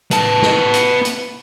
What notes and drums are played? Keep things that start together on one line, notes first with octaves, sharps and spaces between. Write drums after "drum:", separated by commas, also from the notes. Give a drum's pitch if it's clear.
B3 A5, drum: hi-hat
drum: snare
drum: hi-hat
drum: hi-hat